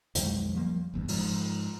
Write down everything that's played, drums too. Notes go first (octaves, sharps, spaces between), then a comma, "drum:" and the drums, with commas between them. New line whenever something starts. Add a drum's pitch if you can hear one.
B1 F2 D#3 G#3, drum: hi-hat
F3 G3 A#3
F#1 E2 G2
G#2 F3, drum: open hi-hat